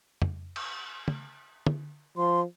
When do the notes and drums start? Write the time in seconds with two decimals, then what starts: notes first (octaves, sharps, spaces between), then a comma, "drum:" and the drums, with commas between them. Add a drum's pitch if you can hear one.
0.22 drum: tom
0.56 drum: cymbal
1.08 drum: tom
1.67 drum: tom
2.18 F3 C6